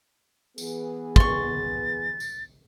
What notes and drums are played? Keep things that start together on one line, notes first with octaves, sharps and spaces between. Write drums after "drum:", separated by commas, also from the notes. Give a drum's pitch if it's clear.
E3 B3 G#4, drum: tambourine
C6 C#6 A6, drum: kick
drum: tambourine